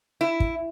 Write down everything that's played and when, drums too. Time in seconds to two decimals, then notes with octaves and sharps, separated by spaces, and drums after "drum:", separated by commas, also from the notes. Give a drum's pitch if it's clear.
0.21 E4
0.40 drum: kick